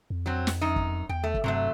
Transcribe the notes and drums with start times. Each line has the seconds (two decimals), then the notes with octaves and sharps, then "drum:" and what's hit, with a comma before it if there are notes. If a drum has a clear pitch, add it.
0.10 F2
0.26 F#3 C4
0.47 drum: snare
0.61 F#2 D#4
0.76 drum: kick
1.09 E2 G5
1.24 A3
1.34 drum: kick
1.44 G2 C3 F#3 A3